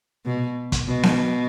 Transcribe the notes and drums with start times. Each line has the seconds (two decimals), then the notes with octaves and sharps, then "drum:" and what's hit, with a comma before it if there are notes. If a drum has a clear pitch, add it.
0.25 B2
0.72 drum: kick, hi-hat
0.88 B2
1.03 drum: snare B3